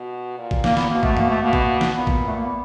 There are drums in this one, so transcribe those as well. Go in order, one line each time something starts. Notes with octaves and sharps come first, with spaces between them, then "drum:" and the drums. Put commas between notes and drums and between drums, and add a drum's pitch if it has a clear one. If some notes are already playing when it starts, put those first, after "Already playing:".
Already playing: B2
A#2
drum: kick A1
A#3, drum: snare
B3, drum: snare
B2 A#3
A3, drum: kick A1
A#3, drum: tom G2
A3
B2 A#3
B3, drum: kick A1
A#3
drum: snare
A#2 B3
drum: kick A1
A3
A#3
B3